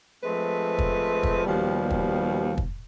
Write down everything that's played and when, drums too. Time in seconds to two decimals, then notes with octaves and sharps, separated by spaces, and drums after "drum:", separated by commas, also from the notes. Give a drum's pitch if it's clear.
0.23 F3 G#3 A3 C4 B4
0.78 drum: kick
1.23 drum: kick
1.46 D#2 B2 F3 G3
1.90 drum: kick
2.58 drum: kick